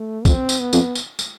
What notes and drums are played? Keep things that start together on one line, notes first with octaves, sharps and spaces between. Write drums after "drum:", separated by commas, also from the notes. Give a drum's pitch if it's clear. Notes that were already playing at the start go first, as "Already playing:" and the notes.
Already playing: A3
F2 C4, drum: kick, tambourine
drum: tambourine
B3
F2, drum: tambourine
drum: tambourine
drum: tambourine